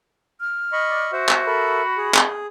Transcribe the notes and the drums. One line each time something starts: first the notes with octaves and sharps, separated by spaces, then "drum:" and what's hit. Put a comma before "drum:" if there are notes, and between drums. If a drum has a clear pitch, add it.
F6
D#5 B5 C#6
D5
F#4 C5 E5
drum: clap
A4 A#4 E5 B5
G#4
drum: clap